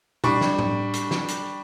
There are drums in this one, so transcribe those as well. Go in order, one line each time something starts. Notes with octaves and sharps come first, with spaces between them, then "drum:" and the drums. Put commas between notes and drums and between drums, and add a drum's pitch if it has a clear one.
G3 D4 C#6, drum: tom
drum: snare
drum: tom A2
drum: hi-hat
drum: snare
drum: hi-hat